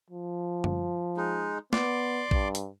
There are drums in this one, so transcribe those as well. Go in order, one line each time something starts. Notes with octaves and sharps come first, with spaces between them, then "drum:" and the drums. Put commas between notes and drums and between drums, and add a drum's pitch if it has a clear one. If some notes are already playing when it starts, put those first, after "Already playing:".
F3
drum: tom
G#3 D#4
B3 D5 C6 D6, drum: snare
G2, drum: kick A#1
drum: hi-hat